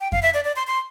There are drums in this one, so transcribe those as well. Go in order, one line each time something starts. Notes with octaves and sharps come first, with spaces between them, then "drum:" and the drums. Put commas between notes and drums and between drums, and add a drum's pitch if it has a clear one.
G5
F5, drum: kick F2
E5
D5
D5
C6
C6